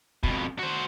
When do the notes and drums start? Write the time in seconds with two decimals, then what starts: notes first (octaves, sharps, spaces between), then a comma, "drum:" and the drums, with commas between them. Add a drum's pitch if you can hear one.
0.23 F2 B2, drum: kick
0.59 F#4 C5